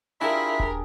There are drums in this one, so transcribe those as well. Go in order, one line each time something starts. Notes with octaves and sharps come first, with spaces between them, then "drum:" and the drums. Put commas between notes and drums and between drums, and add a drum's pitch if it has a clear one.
D4 E4 F4 G4 G#4 A#4 E5 B5
drum: kick D#1